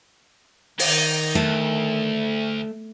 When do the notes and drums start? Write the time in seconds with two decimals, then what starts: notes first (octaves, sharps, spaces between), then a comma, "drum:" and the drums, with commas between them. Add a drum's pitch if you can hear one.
0.79 D#3 D#4, drum: open hi-hat
1.35 D2 A3